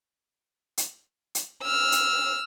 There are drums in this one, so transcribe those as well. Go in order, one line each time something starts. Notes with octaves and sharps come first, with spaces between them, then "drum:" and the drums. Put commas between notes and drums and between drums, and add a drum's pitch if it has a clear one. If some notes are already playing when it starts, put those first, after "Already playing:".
drum: hi-hat
drum: hi-hat
E6 F6
drum: hi-hat